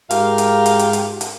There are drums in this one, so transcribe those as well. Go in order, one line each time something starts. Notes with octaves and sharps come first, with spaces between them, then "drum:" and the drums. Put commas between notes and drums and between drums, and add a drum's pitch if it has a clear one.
G#2 F4 G4 A#4 F5, drum: hi-hat
drum: hi-hat
drum: hi-hat
drum: hi-hat
drum: hi-hat
drum: hi-hat